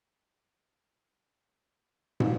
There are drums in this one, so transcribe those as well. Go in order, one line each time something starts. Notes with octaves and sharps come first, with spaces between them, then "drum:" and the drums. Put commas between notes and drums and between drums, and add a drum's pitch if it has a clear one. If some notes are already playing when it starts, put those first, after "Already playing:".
D4 F#4 A5 B5 D#6 F#6
B4 F#5 B6
drum: tom